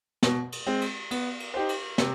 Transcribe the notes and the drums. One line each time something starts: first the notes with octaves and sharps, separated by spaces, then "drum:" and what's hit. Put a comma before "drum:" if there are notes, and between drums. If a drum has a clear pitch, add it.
B2, drum: snare
drum: cymbal
G#3 C4
drum: cymbal
B3, drum: cymbal
drum: cymbal
D#4 G4 C5
drum: cymbal
C3, drum: snare